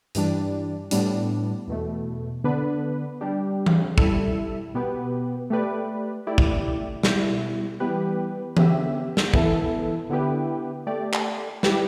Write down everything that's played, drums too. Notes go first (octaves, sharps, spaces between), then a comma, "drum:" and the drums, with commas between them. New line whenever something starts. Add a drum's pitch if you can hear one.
G2 E3 G3 D4, drum: hi-hat
A2 G3 B3 D4, drum: hi-hat
E2 B2 A3
D3 B3 D4 B4
G3 D4 G4
drum: tom E3
G3 E4 A4 E5, drum: kick
B2 B3 G4 B4
A3 G4 B4 D5
A3 E4 G4 D5
drum: kick
B2 G3 E4, drum: snare
E3 G3 B3 G4 B4
D3 B3 G4 E5, drum: tom E3
drum: snare
E3 B3 E4 A4 E5, drum: kick
D3 B3 E4 G4 B4
A3 G4 D5
drum: clap
G3 E4 G4 B4, drum: snare